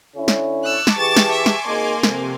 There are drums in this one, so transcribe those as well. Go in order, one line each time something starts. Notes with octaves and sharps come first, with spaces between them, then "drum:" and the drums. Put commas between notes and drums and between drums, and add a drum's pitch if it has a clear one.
D3 C#4 E4
drum: snare
A5 C#6 D6 E6 F#6
drum: snare
E3 G4 G#4 A6 E7
drum: snare
E5 G#5 C6 D6
drum: snare
G#1 A#3 D#4 G#4
F2 C3, drum: snare